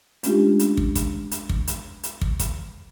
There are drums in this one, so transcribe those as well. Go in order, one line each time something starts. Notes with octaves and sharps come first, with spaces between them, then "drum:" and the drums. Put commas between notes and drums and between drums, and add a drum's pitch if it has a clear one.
G#3 A3 C#4 D4 F4 G4, drum: hi-hat
drum: hi-hat
drum: kick
drum: kick, hi-hat
drum: hi-hat
drum: kick
drum: hi-hat
drum: hi-hat
drum: kick
drum: kick, hi-hat